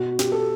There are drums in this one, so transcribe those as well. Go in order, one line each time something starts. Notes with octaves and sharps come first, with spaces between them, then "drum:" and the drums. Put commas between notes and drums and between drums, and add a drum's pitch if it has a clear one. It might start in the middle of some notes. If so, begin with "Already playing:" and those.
Already playing: B2 F#4
G4, drum: snare
A4